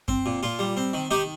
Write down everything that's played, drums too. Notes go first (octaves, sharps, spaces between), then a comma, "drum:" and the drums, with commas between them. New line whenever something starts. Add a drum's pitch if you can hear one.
C4, drum: kick F#2
A#2
A#2 F4
G3
C4
D#3
D#3 D#4 G4